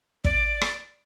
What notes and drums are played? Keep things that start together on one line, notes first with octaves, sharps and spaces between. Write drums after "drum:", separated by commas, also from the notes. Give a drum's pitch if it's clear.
D5, drum: kick
drum: rim click